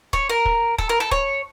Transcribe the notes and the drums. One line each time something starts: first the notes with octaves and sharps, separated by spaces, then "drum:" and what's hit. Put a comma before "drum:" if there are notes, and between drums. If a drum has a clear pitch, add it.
C#5, drum: kick
A#4
drum: kick
A4, drum: kick
A#4
A4
C#5, drum: kick